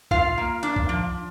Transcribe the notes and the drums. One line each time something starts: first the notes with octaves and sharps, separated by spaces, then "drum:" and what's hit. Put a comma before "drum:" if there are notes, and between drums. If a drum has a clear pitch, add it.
F4 F5, drum: kick
A#3
D4, drum: hi-hat
drum: kick
F3